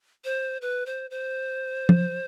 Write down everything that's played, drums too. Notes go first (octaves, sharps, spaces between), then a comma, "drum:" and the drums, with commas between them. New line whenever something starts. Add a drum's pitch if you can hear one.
C5
B4
C5
C5
drum: tom F3